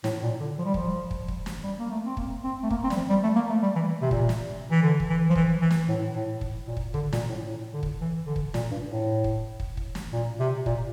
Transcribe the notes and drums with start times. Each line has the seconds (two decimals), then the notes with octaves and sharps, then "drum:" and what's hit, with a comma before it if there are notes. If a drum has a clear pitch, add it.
0.04 A2, drum: snare
0.15 A2
0.23 A#2
0.40 D3
0.58 F3
0.65 G3
0.74 F3, drum: kick
1.11 drum: kick
1.28 drum: kick
1.46 drum: snare
1.63 G3
1.79 A#3
1.90 A3
2.05 C4
2.17 A#3, drum: kick
2.44 C4
2.63 A3
2.70 A#3, drum: kick
2.84 C4
2.90 G3, drum: snare
2.96 F3
3.10 G3
3.23 A3
3.36 A#3
3.49 A3
3.62 G3
3.75 E3
4.01 C3
4.11 A#2, drum: kick
4.29 drum: snare
4.71 E3
4.82 D3
5.00 drum: kick
5.09 E3
5.29 F3
5.35 E3, drum: kick
5.61 E3
5.70 drum: snare
5.88 A2
6.15 A2
6.41 drum: kick
6.67 A#2
6.77 drum: kick
6.94 D3, drum: kick
7.13 A#2, drum: snare
7.29 A2
7.47 A2
7.73 D3
7.83 drum: kick
8.01 E3
8.26 D3
8.36 drum: kick
8.54 A#2, drum: snare
8.71 G2
8.88 A2
9.24 drum: kick
9.60 drum: kick
9.77 drum: kick
9.95 drum: snare
10.13 A#2
10.40 C3
10.66 A#2, drum: kick